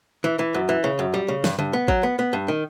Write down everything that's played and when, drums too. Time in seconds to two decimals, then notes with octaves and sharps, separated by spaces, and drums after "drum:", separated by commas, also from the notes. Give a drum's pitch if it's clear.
0.24 E3
0.39 E3
0.54 F#2
0.69 E3
0.84 C#3
0.99 F#2
1.14 G3
1.28 C#3
1.44 G2, drum: snare
1.59 G2, drum: tom C#3
1.73 B3
1.88 F#3, drum: kick
2.03 B3
2.19 B3
2.33 G2
2.48 D#3